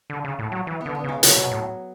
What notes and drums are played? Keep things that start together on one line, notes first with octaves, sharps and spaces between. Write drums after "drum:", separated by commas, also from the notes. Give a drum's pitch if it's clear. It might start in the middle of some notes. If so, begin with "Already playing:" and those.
D3
C#3
A2
F#3
E3
D3 B3
B3
C#3 G#3
C#3 F#3, drum: hi-hat
B2
A2